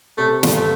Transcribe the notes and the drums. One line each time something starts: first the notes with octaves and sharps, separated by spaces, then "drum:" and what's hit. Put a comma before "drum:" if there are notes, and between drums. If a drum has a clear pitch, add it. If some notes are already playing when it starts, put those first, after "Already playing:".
C3 A3
G1, drum: snare
A3